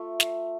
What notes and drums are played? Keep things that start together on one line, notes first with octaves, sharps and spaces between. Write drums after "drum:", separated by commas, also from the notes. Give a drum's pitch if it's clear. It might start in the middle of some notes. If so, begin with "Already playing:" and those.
Already playing: A3 F4
drum: snare